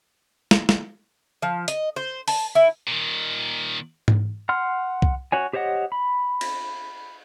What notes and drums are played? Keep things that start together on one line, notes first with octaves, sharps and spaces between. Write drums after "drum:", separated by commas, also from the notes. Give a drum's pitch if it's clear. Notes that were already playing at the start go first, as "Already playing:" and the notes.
drum: snare
drum: snare
F3
D#5, drum: hi-hat
C5
A5, drum: open hi-hat
E4
A#2 D#3
drum: tom G#2
F#5 C6 F6
drum: kick C2
F#4 C#5 G#5
G4 C5 C#5 D#5 F#5
B5
drum: cymbal